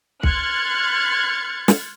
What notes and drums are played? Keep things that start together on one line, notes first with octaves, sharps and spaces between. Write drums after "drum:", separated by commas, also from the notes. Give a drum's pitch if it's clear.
C6 F6 F#6 G#6 A6 C#7, drum: kick
drum: snare